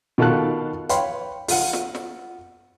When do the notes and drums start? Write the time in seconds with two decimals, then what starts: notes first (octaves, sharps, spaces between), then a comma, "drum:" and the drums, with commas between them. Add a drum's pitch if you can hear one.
0.18 B2 D#3 F4 A4 A5 F#6
0.89 B4 C#5 F5 G5 B5 C6, drum: hi-hat
1.48 F4 F#5, drum: open hi-hat
1.73 drum: snare
1.95 drum: snare